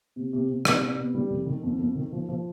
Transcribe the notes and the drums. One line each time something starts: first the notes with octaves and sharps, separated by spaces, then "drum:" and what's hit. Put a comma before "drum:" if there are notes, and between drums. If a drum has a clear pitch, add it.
C3
C3
C3
C3, drum: rim click
C3
B3
G3
F1
D#3
F2
F2
D#3
F3
F3